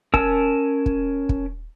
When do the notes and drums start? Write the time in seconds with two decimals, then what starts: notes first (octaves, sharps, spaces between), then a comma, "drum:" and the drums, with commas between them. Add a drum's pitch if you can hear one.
0.14 C#4 A#4 G#5 A5 E6, drum: kick
0.86 drum: kick
1.29 drum: kick